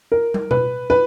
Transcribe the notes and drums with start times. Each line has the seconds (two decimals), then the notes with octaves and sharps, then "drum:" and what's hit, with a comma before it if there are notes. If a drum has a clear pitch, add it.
0.12 A#4
0.34 drum: tom
0.51 B4, drum: tom B2
0.90 B4